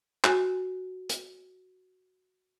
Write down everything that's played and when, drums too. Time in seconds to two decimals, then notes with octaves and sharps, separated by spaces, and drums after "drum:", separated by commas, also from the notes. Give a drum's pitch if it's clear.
0.24 F#4 G#5, drum: clap
1.09 drum: hi-hat